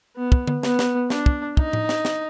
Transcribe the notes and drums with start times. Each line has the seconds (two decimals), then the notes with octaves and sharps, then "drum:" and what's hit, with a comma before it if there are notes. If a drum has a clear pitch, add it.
0.16 B3
0.32 drum: kick
0.48 drum: tom D3
0.63 B3, drum: snare
0.79 drum: snare
1.10 D4, drum: snare
1.26 drum: kick
1.57 D#4, drum: kick
1.73 drum: tom A2
1.89 drum: snare
2.05 drum: snare